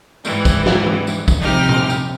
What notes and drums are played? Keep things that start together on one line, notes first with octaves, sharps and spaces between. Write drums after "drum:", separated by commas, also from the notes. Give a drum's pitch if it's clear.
G#2 E3 G3, drum: tambourine
drum: kick, tambourine
drum: snare
drum: tom E3
drum: tambourine
drum: kick, tambourine
C3 F3 G3 D#4 G4 F6
drum: tom A#2
drum: tambourine